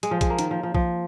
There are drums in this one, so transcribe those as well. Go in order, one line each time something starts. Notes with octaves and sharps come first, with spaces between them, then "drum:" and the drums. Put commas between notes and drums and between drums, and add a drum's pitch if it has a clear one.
G#3, drum: hi-hat
F3
G#3, drum: kick A#1, hi-hat
A#3
D#3, drum: hi-hat
F3
F3
F3, drum: kick A#1